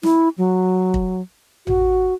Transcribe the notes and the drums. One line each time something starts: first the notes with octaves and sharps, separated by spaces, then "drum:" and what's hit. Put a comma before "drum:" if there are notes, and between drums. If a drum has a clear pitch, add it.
E4, drum: snare
F#3
drum: kick
F#4, drum: tom A1